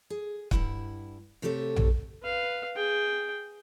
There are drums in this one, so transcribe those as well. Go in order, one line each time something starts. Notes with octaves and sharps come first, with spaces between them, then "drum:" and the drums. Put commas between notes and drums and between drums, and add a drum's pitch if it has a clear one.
G#4
G2 D#3 E4 F#5, drum: kick
C3 A3 F#4 G4 A4 C#5
drum: tom A#1
B4 F5
G#4 G5